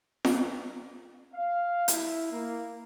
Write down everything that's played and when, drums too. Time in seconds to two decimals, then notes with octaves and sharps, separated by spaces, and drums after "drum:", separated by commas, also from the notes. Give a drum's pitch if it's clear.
0.25 drum: snare F4
1.34 F5
1.88 E4, drum: hi-hat
2.32 A#3